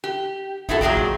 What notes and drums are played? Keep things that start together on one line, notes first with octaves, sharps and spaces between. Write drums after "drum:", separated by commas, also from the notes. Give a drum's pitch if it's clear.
G4
D#4 E4 F#4 G#4 A4, drum: kick
A#2 F#3 G#4 D#5 G5, drum: kick
drum: kick